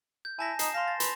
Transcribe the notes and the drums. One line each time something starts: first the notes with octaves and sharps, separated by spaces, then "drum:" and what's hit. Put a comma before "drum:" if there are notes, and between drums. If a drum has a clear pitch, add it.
G6
E4 G#5 A5 A#6
D#4 C7 E7, drum: hi-hat
F5 C6 A#6
A6
B4 C6 F7, drum: hi-hat